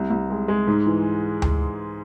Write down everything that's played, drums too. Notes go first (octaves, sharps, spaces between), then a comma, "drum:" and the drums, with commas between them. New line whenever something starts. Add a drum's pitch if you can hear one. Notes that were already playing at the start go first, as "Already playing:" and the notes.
Already playing: C2
C2
G#3
G#3
G#2
E3
drum: tom D2